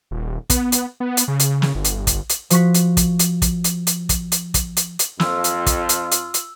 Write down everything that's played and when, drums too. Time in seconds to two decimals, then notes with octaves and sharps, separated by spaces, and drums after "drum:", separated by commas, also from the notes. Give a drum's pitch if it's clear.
0.11 D#1
0.50 B3, drum: kick, hi-hat
0.72 drum: hi-hat
1.00 B3
1.17 drum: hi-hat
1.28 C#3
1.39 drum: hi-hat
1.62 drum: snare
1.75 G1
1.84 drum: hi-hat
2.07 drum: kick, hi-hat
2.29 drum: hi-hat
2.50 F3 F#4 C#6 B6, drum: hi-hat
2.74 drum: hi-hat
2.97 drum: kick, hi-hat
3.19 drum: hi-hat
3.42 drum: kick, hi-hat
3.64 drum: hi-hat
3.87 drum: hi-hat
4.09 drum: kick, hi-hat
4.32 drum: hi-hat
4.54 drum: kick, hi-hat
4.77 drum: hi-hat
4.99 drum: hi-hat
5.20 F2 F4 E6, drum: snare
5.44 drum: hi-hat
5.66 drum: kick, hi-hat
5.89 drum: hi-hat
6.11 drum: hi-hat
6.34 drum: hi-hat